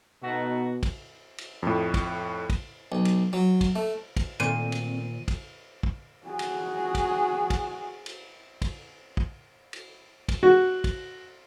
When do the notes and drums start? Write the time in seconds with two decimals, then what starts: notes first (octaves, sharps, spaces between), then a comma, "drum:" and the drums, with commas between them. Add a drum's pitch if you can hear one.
0.23 B2 A3 D#4 F#4
0.83 drum: kick, cymbal
1.38 drum: cymbal
1.63 F2 A2
1.94 drum: kick, cymbal
2.50 drum: kick, cymbal
2.92 B1
3.05 drum: cymbal
3.33 F#3
3.61 drum: kick, cymbal
3.76 A3
4.17 drum: kick, cymbal
4.40 A#2 D#3 A3 C4 C5 D5 D#7
4.72 drum: cymbal
5.28 drum: kick, cymbal
5.83 drum: kick
6.27 F#4 G#4
6.39 drum: cymbal
6.95 drum: kick, cymbal
7.50 drum: kick, cymbal
8.06 drum: cymbal
8.62 drum: kick, cymbal
9.17 drum: kick
9.73 drum: cymbal
10.29 drum: kick, cymbal
10.43 F#4
10.84 drum: kick, cymbal